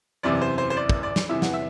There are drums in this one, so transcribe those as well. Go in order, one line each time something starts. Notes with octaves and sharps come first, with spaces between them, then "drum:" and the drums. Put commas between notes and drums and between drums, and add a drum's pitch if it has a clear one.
F#1 E2 C3 D5
C5
C5
C5
D5
drum: kick
D5
drum: snare
E2 C3 E3 E5
F#5, drum: snare
E5